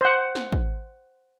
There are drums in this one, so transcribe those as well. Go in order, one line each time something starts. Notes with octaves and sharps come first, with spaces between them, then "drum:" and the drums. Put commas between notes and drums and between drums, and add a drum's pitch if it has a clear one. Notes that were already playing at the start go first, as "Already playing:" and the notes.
C5 F#5
drum: snare
drum: kick